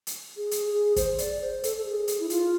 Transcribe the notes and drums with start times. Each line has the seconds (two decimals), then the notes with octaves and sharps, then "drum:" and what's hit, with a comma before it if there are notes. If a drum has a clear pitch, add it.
0.07 drum: hi-hat
0.37 G#4
0.51 drum: hi-hat
0.66 G#4
0.96 C5, drum: kick, hi-hat
1.18 D5, drum: hi-hat
1.41 C5
1.64 A4, drum: hi-hat
1.77 A4
1.85 G#4
2.08 drum: hi-hat
2.20 E4
2.30 F4, drum: hi-hat